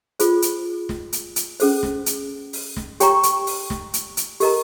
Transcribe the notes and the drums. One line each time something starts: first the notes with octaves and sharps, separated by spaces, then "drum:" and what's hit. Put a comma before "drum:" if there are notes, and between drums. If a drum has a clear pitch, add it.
F4 G#4 C5, drum: hi-hat
drum: hi-hat
drum: snare
drum: hi-hat
drum: hi-hat
C#4 G#4 C5, drum: open hi-hat
drum: snare
drum: hi-hat
drum: open hi-hat
drum: snare
G4 C#5 G5 A#5 C#6, drum: hi-hat
drum: hi-hat
drum: open hi-hat
drum: snare
drum: hi-hat
drum: hi-hat
G4 A#4 D#5 A#5, drum: open hi-hat